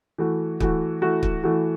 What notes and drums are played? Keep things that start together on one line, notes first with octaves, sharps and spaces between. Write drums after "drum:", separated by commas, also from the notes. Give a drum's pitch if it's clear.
E3 A3 F#4
E3 A3 F#4, drum: kick
E3 A3 F#4
drum: kick
E3 A3 F#4